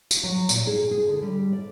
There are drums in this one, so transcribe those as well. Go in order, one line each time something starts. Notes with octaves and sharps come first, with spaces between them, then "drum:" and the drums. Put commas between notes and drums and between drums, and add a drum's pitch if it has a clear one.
drum: tambourine
F#3
A#2, drum: tambourine
G#4
G#4
D3
G3
D5